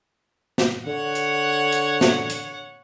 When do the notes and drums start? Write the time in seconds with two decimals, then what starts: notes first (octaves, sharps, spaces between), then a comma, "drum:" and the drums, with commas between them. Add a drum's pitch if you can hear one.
0.58 drum: snare
0.87 D3 C#5 F#5
1.15 drum: hi-hat
1.73 drum: hi-hat
2.01 drum: snare
2.30 drum: hi-hat